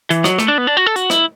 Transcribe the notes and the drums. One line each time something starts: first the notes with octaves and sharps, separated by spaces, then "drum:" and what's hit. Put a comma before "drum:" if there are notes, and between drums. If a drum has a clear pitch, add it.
E3, drum: hi-hat
F#3, drum: rim click
A3, drum: rim click
D4
B3
D4
F#4
A4
F#4, drum: hi-hat
E4, drum: rim click